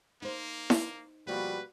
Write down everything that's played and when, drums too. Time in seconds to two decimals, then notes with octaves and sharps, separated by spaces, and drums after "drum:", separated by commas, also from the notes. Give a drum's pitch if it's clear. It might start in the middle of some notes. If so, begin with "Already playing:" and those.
0.22 A#3 D#4 C5
0.70 drum: snare E4
1.27 B2 F3 G3 A#3 F4 F#4 B4